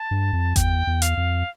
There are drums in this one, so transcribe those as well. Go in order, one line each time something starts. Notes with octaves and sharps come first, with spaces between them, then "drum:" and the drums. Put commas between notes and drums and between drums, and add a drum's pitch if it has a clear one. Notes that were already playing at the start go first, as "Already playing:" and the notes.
Already playing: A5
G2
F2
E2 G5, drum: kick G1, hi-hat
E2
F5, drum: hi-hat
F2